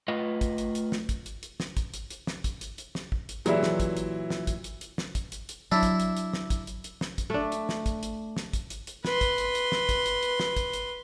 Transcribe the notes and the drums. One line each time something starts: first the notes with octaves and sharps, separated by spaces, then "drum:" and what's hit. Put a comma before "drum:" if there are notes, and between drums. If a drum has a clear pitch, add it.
A3 F4 B4 D#5
drum: kick, hi-hat
drum: hi-hat
drum: hi-hat
drum: snare
drum: kick, hi-hat
drum: hi-hat
drum: hi-hat
drum: snare
drum: kick, hi-hat
drum: hi-hat
drum: hi-hat
drum: snare
drum: kick, hi-hat
drum: hi-hat
drum: hi-hat
drum: snare
drum: kick
drum: hi-hat
A#2 E3 F#3 E4 G4 G#4 D5, drum: hi-hat
drum: snare
drum: kick, hi-hat
drum: hi-hat
drum: snare
drum: kick, hi-hat
drum: hi-hat
drum: hi-hat
drum: snare
drum: kick, hi-hat
drum: hi-hat
drum: hi-hat
F#3 D4 E4
drum: kick, hi-hat
drum: hi-hat
drum: hi-hat
drum: snare
drum: kick, hi-hat
drum: hi-hat
drum: hi-hat
drum: snare
drum: kick, hi-hat
A3 D4
drum: hi-hat
drum: snare
drum: kick, hi-hat
drum: hi-hat
drum: snare
drum: kick, hi-hat
drum: hi-hat
drum: hi-hat
B4 C6, drum: snare
drum: kick, hi-hat
drum: hi-hat
drum: hi-hat
drum: snare
drum: kick, hi-hat
drum: hi-hat
drum: hi-hat
drum: snare
drum: kick, hi-hat
drum: hi-hat